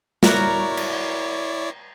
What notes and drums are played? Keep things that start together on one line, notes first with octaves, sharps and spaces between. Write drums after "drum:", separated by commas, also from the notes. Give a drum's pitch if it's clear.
E4 F#4 A#4 C#5 D5, drum: snare
drum: cymbal